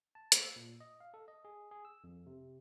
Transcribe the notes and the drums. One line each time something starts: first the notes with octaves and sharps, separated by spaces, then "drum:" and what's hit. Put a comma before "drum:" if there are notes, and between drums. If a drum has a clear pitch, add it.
A5
drum: hi-hat
E6
A#2
D#5
F5
A4
D#5
G#4
G#4
E6
F2
C3